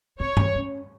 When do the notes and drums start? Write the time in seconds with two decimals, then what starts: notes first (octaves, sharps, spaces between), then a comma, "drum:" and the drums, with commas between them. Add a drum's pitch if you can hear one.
0.19 C4 C#5
0.37 C#4, drum: tom G2
0.55 C#4